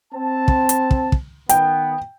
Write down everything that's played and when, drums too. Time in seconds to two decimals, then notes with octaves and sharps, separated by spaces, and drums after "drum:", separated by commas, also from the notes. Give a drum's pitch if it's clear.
0.13 C4 A5
0.48 drum: kick
0.69 drum: hi-hat
0.91 drum: kick
1.12 drum: kick
1.49 D#3 B3 G5, drum: hi-hat